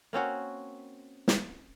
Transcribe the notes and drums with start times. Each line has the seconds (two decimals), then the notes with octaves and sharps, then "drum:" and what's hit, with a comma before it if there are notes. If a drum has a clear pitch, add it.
0.13 A#3 C4 C#4 F#4
1.28 drum: snare